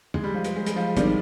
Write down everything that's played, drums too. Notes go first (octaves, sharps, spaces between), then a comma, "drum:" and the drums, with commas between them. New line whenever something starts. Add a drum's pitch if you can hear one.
G#3, drum: tom
G3
F3
G#3, drum: hi-hat
G#3
G#3, drum: hi-hat
F3
D#3 G3 D4, drum: kick, hi-hat